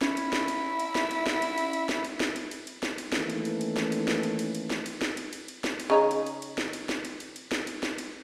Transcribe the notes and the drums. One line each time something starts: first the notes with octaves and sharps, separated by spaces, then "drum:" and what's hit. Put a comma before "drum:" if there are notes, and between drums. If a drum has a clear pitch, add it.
C#4 E4, drum: snare
drum: cymbal
drum: snare
drum: cymbal
drum: cymbal
drum: snare
drum: cymbal
drum: snare
drum: cymbal
drum: cymbal
drum: cymbal
drum: snare
drum: cymbal
drum: snare
drum: cymbal
drum: cymbal
drum: cymbal
drum: snare
drum: cymbal
D#3 E3 A3 A#3 C#4 E4, drum: snare
drum: cymbal
drum: cymbal
drum: cymbal
drum: snare
drum: cymbal
drum: snare
drum: cymbal
drum: cymbal
drum: cymbal
drum: snare
drum: cymbal
drum: snare
drum: cymbal
drum: cymbal
drum: cymbal
drum: snare
drum: cymbal
C#3 D#4 C#5
drum: cymbal
drum: cymbal
drum: cymbal
drum: snare
drum: cymbal
drum: snare
drum: cymbal
drum: cymbal
drum: cymbal
drum: snare
drum: cymbal
drum: snare
drum: cymbal